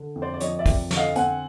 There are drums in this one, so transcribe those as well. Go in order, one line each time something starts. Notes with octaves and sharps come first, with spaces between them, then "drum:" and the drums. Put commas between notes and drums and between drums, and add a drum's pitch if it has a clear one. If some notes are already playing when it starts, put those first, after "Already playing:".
Already playing: D3
F2
C5 D5
D5
F3 C#5 D#5, drum: hi-hat
D5 E5
F2, drum: kick, open hi-hat
D3, drum: snare
D#5 F5
C4 F#5 G#5, drum: hi-hat